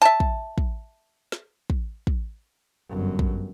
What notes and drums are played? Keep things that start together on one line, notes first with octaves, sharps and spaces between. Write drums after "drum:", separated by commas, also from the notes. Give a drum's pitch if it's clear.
E5 A5
drum: kick
drum: kick
drum: snare
drum: kick
drum: kick
G1 F#2
drum: kick